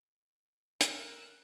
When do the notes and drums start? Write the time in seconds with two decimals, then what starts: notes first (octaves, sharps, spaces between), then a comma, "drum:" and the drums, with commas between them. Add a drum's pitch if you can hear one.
0.81 A#4 E6 F#6, drum: hi-hat